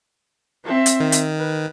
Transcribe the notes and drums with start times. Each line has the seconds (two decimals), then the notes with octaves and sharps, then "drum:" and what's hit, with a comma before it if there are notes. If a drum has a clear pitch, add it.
0.65 C4 E5
0.86 drum: hi-hat
1.00 D#3
1.12 drum: hi-hat
1.39 B4